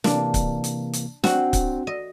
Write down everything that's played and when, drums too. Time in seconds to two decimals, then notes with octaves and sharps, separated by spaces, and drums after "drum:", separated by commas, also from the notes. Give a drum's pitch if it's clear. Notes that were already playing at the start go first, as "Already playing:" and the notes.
0.04 C3 E3 A#3 D4, drum: snare
0.34 drum: kick C#1, hi-hat
0.64 drum: hi-hat
0.93 drum: hi-hat
1.24 C4 D4 F#4, drum: snare
1.53 drum: kick C#1, hi-hat
1.87 D#5